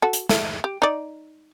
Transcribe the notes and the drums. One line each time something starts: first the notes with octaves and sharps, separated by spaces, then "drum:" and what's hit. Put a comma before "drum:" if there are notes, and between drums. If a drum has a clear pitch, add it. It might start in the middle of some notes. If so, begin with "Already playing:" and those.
F#4 A4
drum: hi-hat
A3, drum: snare
G4
D#4 D5